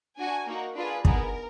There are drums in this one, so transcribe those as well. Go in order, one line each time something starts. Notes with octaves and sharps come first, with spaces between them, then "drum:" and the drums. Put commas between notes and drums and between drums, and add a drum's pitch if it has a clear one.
D4 F#4 G#5
A#3 D#4 F#4 A#4
D4 F4 G#4 B4
B3 D#4 G#4 A#4, drum: kick